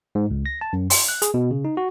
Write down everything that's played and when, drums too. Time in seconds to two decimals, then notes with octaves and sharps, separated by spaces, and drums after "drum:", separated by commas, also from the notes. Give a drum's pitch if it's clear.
0.15 G#2
0.31 C#2
0.46 A#6
0.61 A5
0.73 F#2
0.90 C6, drum: open hi-hat
1.08 F#6
1.22 G#4, drum: hi-hat
1.34 B2
1.51 C#3
1.65 D#4
1.77 F#4